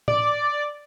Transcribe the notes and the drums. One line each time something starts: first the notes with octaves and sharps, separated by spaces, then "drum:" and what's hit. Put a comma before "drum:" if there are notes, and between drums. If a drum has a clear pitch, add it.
D5, drum: tom A2